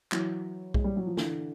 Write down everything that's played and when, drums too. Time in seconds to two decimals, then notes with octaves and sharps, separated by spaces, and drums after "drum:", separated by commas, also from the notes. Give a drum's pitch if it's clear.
0.12 E3 F#3, drum: clap
0.74 G#3, drum: kick B1
0.84 G3
0.96 F#3
1.07 F3
1.17 D3 E3, drum: snare